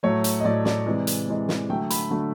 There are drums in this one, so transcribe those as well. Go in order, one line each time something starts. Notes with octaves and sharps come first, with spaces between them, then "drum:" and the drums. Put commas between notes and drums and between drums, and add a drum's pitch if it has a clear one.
A2 F#3 A3 C#5
drum: hi-hat
D#5
A2 F#3 A3 D5
D5, drum: snare
C3 E3 G#3
drum: hi-hat
C3 E3 G#3
drum: snare
D3 F#3 A3 G5
B5, drum: hi-hat
D3 F#3 A3